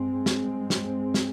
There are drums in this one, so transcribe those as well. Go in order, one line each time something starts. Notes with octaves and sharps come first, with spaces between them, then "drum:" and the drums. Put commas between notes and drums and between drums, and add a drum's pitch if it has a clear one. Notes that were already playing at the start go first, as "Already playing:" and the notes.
Already playing: G2 G#3 C4
drum: snare
drum: snare
drum: snare